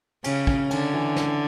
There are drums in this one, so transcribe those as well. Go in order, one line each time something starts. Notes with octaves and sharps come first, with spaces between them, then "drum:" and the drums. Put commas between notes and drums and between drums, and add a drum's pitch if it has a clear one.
C#3 C#4, drum: cymbal
C#4, drum: kick
D3 C#4, drum: cymbal
E3
drum: snare